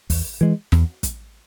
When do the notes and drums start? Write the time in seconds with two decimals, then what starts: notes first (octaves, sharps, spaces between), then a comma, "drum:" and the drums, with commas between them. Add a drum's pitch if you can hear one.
0.10 E2, drum: kick, open hi-hat
0.41 E3 G#3
0.72 E2, drum: snare
1.03 drum: kick, hi-hat